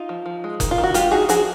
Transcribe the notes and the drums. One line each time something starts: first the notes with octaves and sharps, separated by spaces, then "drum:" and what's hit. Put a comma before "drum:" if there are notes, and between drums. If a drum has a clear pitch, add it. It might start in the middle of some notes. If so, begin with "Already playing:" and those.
Already playing: D#4 F4
F3
F3
G#3
D#3, drum: kick F#1, hi-hat
F4
D#3
F#4
G#3 F4 G4, drum: hi-hat
D#4 F#4 G#4
F3 F#4 G#4, drum: hi-hat